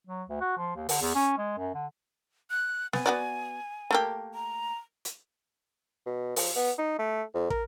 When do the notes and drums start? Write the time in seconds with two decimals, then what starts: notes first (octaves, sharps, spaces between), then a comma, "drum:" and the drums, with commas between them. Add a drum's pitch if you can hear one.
0.07 F#3
0.29 D2
0.41 F#4
0.58 F3
0.76 D#2
0.89 D3, drum: open hi-hat
1.01 E2
1.15 C#4
1.38 G#3
1.58 F#2
1.75 D3
2.50 F#6
2.93 B3 G#5, drum: snare
3.06 B3 F#4 D5
3.91 A3 A#3 G4
4.34 A#5
5.05 drum: hi-hat
6.06 B2
6.36 F3, drum: open hi-hat
6.56 B3
6.78 D#4
6.99 A3
7.34 F2
7.50 A#4, drum: kick